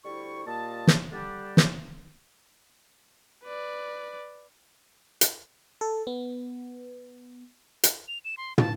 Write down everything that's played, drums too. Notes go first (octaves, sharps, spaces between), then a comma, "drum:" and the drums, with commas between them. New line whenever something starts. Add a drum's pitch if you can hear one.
D2 G3 E4 C5 C#6
A#2 G3 A#3 F4 D#5 A5
drum: snare
D3 G3 D4 G4
drum: snare
B4 D5
drum: hi-hat
A4
B3
drum: hi-hat
F7
E7
C6
A5, drum: tom